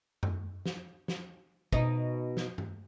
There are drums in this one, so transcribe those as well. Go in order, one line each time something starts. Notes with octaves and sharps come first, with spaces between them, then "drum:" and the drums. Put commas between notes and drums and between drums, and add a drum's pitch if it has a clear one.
drum: tom F#2
drum: snare
drum: snare
B2 D#4, drum: kick
drum: snare
drum: tom G2